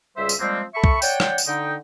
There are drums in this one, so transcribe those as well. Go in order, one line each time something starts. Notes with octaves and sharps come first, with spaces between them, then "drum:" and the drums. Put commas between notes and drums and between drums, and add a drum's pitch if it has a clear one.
C#2 G3 G#4 C5 E5
drum: tambourine
F3 G3 G#3 A#3 C4
A4 E5 B5 C#6
drum: kick C2
C#5 D5 F#5 G5, drum: tambourine
drum: rim click
drum: tambourine
D3 D#4 G5